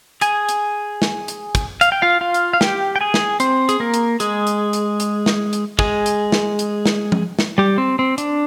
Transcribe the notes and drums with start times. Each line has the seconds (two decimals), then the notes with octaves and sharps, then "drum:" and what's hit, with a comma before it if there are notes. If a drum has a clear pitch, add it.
0.21 G#4 G#5, drum: hi-hat
0.49 drum: hi-hat
1.02 drum: snare
1.28 drum: hi-hat
1.55 drum: kick, hi-hat
1.81 F5, drum: hi-hat
1.92 G5
2.02 F4 F5
2.21 F4 F5
2.34 drum: hi-hat
2.53 F5
2.61 G4 G5, drum: snare
2.96 G5
3.01 G#4 G#5
3.14 drum: snare
3.40 C4 C5, drum: hi-hat
3.69 G#4, drum: hi-hat
3.80 A#3 A#4
3.94 drum: hi-hat
4.20 G#3 G#4, drum: hi-hat
4.47 drum: hi-hat
4.73 drum: hi-hat
5.00 drum: hi-hat
5.26 drum: snare
5.53 drum: hi-hat
5.79 G#3 G#4, drum: kick
6.06 drum: hi-hat
6.32 drum: snare
6.59 drum: hi-hat
6.86 drum: snare
7.12 drum: tom F3
7.39 drum: snare
7.58 G3 G4
7.78 C4
7.99 C4
8.18 D4, drum: hi-hat